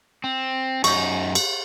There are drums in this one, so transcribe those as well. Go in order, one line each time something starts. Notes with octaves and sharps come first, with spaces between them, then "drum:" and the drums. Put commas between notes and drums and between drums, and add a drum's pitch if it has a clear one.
C4
F#2 D#4 C#5 C#6, drum: cymbal
drum: cymbal